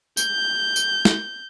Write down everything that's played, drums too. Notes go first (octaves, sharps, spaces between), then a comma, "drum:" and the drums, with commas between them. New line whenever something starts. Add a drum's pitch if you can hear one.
G6, drum: tambourine
drum: tambourine
drum: snare